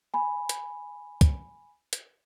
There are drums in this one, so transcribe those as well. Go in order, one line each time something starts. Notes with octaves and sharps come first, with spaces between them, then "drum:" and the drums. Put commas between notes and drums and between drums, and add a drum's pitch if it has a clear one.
G#5 B5
drum: hi-hat
drum: kick, hi-hat
drum: hi-hat